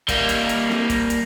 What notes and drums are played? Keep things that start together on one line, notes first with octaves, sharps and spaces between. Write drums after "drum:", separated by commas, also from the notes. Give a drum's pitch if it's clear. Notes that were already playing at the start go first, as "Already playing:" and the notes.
G3 A#3, drum: kick, hi-hat
drum: hi-hat
drum: hi-hat
drum: snare C4
drum: kick, hi-hat
drum: hi-hat